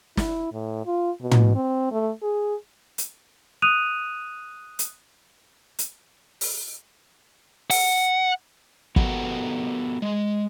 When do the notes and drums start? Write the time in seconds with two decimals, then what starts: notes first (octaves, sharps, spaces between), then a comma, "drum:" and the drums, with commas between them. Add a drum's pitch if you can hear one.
0.17 E4, drum: snare
0.52 A2
0.86 F4
1.21 B2
1.31 drum: tom
1.55 C4
1.92 A3
2.22 G#4
2.98 drum: hi-hat
3.62 D#6 F#6 D#7 F7
4.79 drum: hi-hat
5.79 drum: hi-hat
6.41 drum: open hi-hat
7.70 F#5, drum: open hi-hat
8.96 B3 F#4 G4 A4 A#4, drum: kick
10.02 G#3